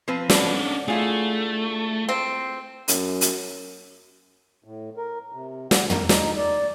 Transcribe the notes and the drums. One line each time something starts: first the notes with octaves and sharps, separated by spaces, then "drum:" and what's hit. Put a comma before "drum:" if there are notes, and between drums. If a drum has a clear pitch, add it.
F3 C4 B4
D3 C#4 D4, drum: snare
A3 E4 F4 G#4
C4
F#2, drum: hi-hat
drum: hi-hat
A2
A#4
C3
F#5, drum: snare
A#4, drum: tom
D#4, drum: snare
D5